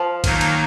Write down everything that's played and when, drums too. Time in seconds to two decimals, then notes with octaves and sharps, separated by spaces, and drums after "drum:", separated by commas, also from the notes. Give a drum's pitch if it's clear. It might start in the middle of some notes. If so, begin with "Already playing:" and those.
Already playing: F3 F4
0.24 D#3 F#3 A#3 D#4, drum: kick, cymbal
0.41 drum: cymbal